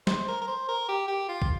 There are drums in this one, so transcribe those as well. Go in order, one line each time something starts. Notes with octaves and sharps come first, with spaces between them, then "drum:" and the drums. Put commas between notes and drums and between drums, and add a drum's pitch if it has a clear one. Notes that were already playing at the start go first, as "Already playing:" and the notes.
C5, drum: snare
A#4
A#4
C5
A#4
G4
G4
F4
drum: kick